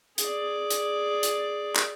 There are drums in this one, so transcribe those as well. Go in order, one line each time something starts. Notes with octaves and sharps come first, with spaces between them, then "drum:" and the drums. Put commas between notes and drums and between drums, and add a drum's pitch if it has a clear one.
G#4 D5, drum: hi-hat
drum: hi-hat
drum: hi-hat
drum: clap